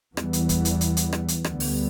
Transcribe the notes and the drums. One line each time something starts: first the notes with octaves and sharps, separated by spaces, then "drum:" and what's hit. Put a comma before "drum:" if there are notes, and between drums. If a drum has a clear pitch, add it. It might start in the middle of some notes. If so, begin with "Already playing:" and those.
E2 E3 G3 B3, drum: rim click
drum: hi-hat
drum: kick, hi-hat
drum: hi-hat
drum: hi-hat
drum: hi-hat
drum: rim click
drum: hi-hat
D2 D3 G3 B3, drum: rim click
drum: open hi-hat